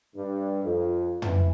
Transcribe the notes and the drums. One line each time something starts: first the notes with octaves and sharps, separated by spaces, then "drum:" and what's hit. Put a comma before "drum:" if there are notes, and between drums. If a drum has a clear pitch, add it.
G2
F2
E3, drum: tom